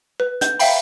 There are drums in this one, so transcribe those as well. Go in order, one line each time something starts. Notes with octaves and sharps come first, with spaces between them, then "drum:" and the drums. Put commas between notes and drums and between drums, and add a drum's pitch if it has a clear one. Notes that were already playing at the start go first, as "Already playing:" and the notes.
B4
G6, drum: hi-hat
E5 F5 G5 B5, drum: open hi-hat